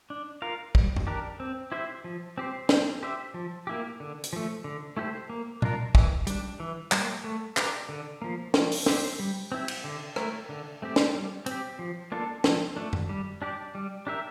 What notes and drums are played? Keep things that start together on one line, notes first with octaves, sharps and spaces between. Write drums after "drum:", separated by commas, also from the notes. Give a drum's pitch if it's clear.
D4
F4 A#4 F5
G3, drum: kick
drum: tom F#2
D4 G4 A#4
C4
E4 G4 C5 E5
F3
C4 G4 C5
C4, drum: snare
G4 C5 E5
F3
A#3 E4 G4
D3
drum: hi-hat
F3 A3
D3
A3 E4 G4 C5
A#3
D4 F4 A#4, drum: tom A#2
E3, drum: kick
G3 D4, drum: hi-hat
E3
G3 A#3, drum: clap
A3
D4 G4 A#4 F5, drum: clap
D3
F3 A#3
F3, drum: snare
drum: open hi-hat
C4 G4 C5, drum: snare
G3
C4 E4 G4
drum: cymbal
D3
A3 E4 A#4, drum: rim click
D3
A3 C4 G4
drum: snare
G3
C4 G4, drum: hi-hat
F3
A#3 D4 F4 A4
F3, drum: snare
A3 D4
drum: tom F#2
G3
D4 G4 D5
G3
D4 G4 A#4 E5